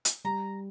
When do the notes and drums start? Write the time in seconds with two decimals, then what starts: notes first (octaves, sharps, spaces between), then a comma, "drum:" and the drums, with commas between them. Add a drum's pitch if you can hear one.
0.05 drum: hi-hat
0.24 G3 A#5